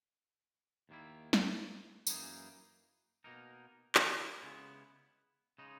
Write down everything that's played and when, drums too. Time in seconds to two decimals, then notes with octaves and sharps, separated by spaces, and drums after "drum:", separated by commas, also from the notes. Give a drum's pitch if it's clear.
0.89 D#2 D#3 A#3 E4
1.33 drum: snare
2.07 F#2 E3 A#3 D#4 G#4, drum: tambourine
3.24 B2 A#3 D#4 A#4
3.95 drum: clap
4.41 C#3 G#3 B3 E4
5.58 C#3 G#3 D#4